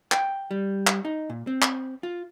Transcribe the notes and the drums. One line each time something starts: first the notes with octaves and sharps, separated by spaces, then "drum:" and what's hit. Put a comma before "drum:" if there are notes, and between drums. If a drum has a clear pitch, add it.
G5, drum: clap
G3
drum: clap
D#4
A#2
C4
drum: clap
F4